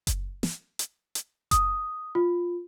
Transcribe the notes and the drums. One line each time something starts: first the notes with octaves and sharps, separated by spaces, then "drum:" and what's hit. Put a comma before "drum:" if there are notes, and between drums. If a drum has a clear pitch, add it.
drum: kick F#1, hi-hat
drum: snare
drum: hi-hat
drum: hi-hat
D#6, drum: kick F#1, hi-hat
F4